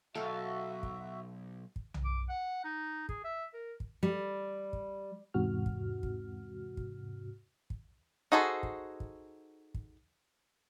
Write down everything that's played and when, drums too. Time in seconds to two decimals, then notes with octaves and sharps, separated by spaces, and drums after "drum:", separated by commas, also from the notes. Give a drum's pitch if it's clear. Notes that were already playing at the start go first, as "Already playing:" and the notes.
0.15 B1 F#4 A4 E5 F5
0.83 drum: kick
1.76 drum: kick
1.94 drum: tom B1
2.05 D6
2.29 F#5
2.64 D#4
3.09 G#4, drum: kick
3.24 E5
3.54 A#4
3.80 drum: kick
4.03 G3
4.73 drum: kick
5.34 E2 G#2 C3 F#4 F6
5.66 drum: kick
6.03 drum: kick
6.77 drum: kick
7.70 drum: kick
8.32 D#4 F#4 G#4 A4 C5
8.63 drum: kick
9.00 drum: kick
9.74 drum: kick